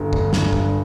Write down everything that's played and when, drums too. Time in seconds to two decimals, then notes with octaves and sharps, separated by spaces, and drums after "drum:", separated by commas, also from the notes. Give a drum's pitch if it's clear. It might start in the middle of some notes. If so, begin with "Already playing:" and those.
Already playing: G1
0.13 G2, drum: kick
0.33 G1, drum: snare
0.53 G2, drum: kick